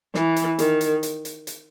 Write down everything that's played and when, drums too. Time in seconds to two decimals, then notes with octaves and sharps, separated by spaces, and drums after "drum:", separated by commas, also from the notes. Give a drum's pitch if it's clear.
0.15 E3, drum: snare
0.36 drum: hi-hat
0.59 D#3, drum: hi-hat
0.81 drum: hi-hat
1.03 drum: hi-hat
1.25 drum: hi-hat
1.47 drum: hi-hat